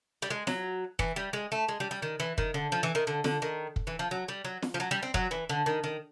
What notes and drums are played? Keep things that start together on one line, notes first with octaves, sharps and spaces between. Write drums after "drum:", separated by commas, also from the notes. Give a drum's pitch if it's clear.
G3
G#3
F#3, drum: snare
E3, drum: kick
G3
G#3
A3
G#3
G3
G3
D#3
E3
D#3, drum: kick
D3
F3
E3
D#3
D3
D3, drum: snare
D#3
drum: kick
E3
F3
F#3
G3
F#3
drum: snare
F3
F#3
G3
C4
F#3, drum: kick
E3
D3
D#3
D#3